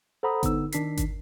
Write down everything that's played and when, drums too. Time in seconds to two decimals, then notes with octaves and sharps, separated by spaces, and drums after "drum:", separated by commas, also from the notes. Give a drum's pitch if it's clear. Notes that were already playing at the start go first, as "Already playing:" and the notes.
0.23 A4 C5 F#5 A#5 B5 D#6
0.43 D3 B3 D#4 E6, drum: kick G1, hi-hat
0.72 D#3 D4 B6 C7, drum: hi-hat
0.97 drum: kick G1, hi-hat